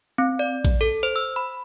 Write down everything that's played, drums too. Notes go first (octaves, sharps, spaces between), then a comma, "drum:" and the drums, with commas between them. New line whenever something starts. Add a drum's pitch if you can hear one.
C4
D5
drum: kick A#1, cymbal
A4
C5
E6
B5